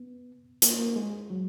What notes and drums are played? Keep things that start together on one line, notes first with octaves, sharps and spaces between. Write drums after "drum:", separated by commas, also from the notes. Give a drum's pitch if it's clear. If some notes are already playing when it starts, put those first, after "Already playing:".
Already playing: B3
A#3, drum: hi-hat
A#3
G#3
F#3